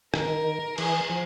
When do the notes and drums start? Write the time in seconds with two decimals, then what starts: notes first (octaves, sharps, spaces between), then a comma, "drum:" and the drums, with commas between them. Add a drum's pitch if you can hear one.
0.14 D#3 A#4, drum: rim click
0.78 E3 G#4, drum: cymbal
1.10 F3